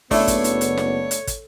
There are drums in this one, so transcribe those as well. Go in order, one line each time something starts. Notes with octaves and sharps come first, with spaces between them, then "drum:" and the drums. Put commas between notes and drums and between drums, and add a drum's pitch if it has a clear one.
F#1 A3 B3 D4 E4 C#5, drum: kick, open hi-hat
drum: kick, hi-hat
drum: hi-hat
drum: hi-hat
drum: snare
drum: hi-hat
drum: kick, hi-hat